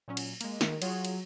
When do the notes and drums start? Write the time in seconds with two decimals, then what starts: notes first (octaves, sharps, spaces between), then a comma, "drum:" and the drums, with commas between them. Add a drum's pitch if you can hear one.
0.08 A#2 F#3 C#4
0.17 drum: cymbal
0.41 G#3 A#3, drum: cymbal
0.61 D#3, drum: snare
0.82 F#3 F4 G#4 C#5, drum: cymbal
1.05 drum: cymbal